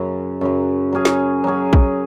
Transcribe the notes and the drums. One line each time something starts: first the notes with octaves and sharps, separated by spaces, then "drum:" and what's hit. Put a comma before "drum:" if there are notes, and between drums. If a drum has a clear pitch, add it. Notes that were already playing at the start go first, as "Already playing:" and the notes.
Already playing: F#2 C#3 F#3
F#2 C#3 F#3
F#3 C#4 G#4
drum: snare
F#3 C#4 G#4
drum: kick